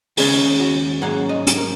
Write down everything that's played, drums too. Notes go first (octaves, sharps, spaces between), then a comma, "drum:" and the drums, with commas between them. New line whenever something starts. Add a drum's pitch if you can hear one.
D#2 C#3 G#3 C#4 G#4, drum: open hi-hat
F#4
G#2 F#3 A#3 C#4 F#5
D#5
drum: hi-hat
A#4